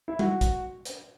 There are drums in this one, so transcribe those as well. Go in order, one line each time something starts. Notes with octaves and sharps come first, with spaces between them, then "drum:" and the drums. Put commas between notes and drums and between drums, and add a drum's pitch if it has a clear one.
E4
F#4, drum: tom G3
drum: kick, hi-hat
drum: hi-hat